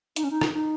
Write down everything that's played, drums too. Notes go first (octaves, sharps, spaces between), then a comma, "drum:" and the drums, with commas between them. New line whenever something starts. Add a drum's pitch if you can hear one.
D#4, drum: hi-hat
C#4
D#4
drum: rim click
D#4